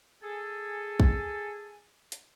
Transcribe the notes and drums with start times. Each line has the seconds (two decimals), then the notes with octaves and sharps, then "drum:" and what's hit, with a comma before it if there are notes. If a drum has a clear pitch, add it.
0.23 G#4 A4 G#5
1.00 drum: kick
2.12 drum: hi-hat